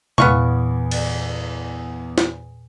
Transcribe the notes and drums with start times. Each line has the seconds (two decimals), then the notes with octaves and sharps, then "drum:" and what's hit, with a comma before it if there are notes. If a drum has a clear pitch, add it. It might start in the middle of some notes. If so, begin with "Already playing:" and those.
0.18 E2 A#2 E3 B3 F5 C#6, drum: tom C3
0.91 drum: cymbal
2.18 drum: snare